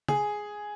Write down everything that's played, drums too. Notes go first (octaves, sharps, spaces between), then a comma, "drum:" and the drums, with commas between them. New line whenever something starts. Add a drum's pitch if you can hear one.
G#4, drum: tom